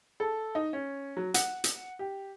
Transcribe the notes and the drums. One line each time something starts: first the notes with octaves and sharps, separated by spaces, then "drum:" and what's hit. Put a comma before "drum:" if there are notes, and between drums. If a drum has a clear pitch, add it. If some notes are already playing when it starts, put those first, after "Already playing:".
A4
D#4
C#4
F#3
F#5, drum: hi-hat
drum: hi-hat
G4